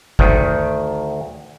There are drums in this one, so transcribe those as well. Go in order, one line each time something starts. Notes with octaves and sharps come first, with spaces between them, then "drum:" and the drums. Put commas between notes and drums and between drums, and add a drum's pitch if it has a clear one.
D2 D#3, drum: kick